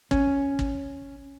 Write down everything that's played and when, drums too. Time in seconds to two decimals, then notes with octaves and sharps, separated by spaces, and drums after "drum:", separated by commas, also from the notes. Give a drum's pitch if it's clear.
0.11 C#4, drum: kick
0.59 drum: kick